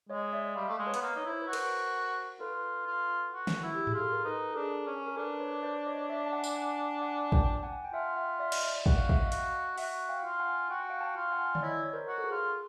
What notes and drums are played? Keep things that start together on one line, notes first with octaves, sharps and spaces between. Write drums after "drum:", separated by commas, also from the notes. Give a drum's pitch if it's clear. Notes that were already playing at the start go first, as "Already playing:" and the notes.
G#3 C#5 D#5
D5 E5
G3 D#5 F5
A3
G#3
B4 C#5
B3, drum: hi-hat
A#3
D#4 C#5
E4 C5
B4
F#4
A#4 C5, drum: cymbal
F4 A4 B4
F4
F#4
drum: snare
E4
G4
G#4, drum: tom G#2
F4
A4
A#4
D#4 A4 B4
A4
D4 G#4 A#4
C#4
A#4
D4 A4 B4
B4 C#5
C5 D5
C#5 D#5
D5 E5
A5
F#5 G#5
A5, drum: tambourine
F#5 G#5
F#5 G#5
G5 A5, drum: kick
A5
F#5 G#5
G5
F4 E5 F#5
E5 F#5
D5 E5
D#5, drum: cymbal
D5 E5
F#4 F#5, drum: kick
F5
E5, drum: kick
D#5 F5
F#4, drum: hi-hat
F#4 E5 F#5, drum: open hi-hat
F5 G5
F4
F#5 G#5
F#4 G5
F#5
F5 G5
G5 A5
F4
F#5 G#5
D5, drum: tom D3
E4 C#5 D#5
C#5
A#4 C5
F#4
A4
G#4
F4